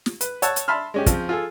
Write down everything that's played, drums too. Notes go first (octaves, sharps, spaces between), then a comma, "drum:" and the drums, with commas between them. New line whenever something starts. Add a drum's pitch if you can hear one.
drum: snare
B4, drum: hi-hat
C#5 F#5 A5 E6, drum: hi-hat
drum: hi-hat
E5 A5 B5 C6 F6
G#3 C#4 G4
C#3 F3 C4, drum: kick, hi-hat
F4 G#4 A4